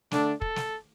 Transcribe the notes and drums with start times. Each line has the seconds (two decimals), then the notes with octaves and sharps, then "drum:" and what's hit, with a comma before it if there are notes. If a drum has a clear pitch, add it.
0.11 D3 A3 D4, drum: snare
0.42 A4, drum: kick
0.56 drum: snare